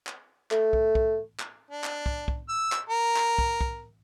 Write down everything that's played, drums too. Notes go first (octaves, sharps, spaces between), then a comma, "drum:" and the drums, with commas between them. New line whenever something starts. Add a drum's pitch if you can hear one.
drum: clap
A3, drum: clap
drum: kick
drum: kick
drum: clap
D4
drum: clap
drum: kick
drum: kick
E6
drum: clap
A#4
drum: clap
drum: kick
drum: kick